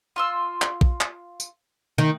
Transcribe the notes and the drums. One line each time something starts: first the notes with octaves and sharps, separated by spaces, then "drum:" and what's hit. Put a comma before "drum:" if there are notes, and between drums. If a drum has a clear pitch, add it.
F4 C6 E6
drum: clap
drum: kick
drum: clap
drum: tambourine
D#3